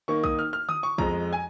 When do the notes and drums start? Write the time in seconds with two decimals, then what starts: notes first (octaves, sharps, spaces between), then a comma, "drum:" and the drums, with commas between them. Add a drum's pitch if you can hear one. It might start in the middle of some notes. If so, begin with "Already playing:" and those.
0.08 D#3 A#3 D#4 C#6
0.24 D#6, drum: kick B1
0.39 F6
0.53 F6, drum: rim click
0.69 D#6, drum: tom D3
0.83 C#6
0.98 F2 F3 G#3 A#5, drum: kick B1
1.33 G#5